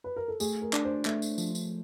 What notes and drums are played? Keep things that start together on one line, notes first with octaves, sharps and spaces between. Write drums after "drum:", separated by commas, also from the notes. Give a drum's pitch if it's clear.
B4
A#4
A4
A3 G#4, drum: tambourine
A#4
D4, drum: clap
C5
A3 E5, drum: clap
drum: tambourine
F3, drum: tambourine
drum: tambourine